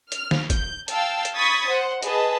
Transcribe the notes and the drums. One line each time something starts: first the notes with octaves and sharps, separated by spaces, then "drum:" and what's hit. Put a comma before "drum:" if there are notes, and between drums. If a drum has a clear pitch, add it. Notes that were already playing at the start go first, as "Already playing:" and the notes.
F6, drum: hi-hat
drum: snare
G6, drum: kick, hi-hat
F5 G5 A5 E6, drum: hi-hat
drum: hi-hat
B5 C#6 D#6 G#6 A6 B6
C5 F#5
G#4 B4 D#5 A5, drum: hi-hat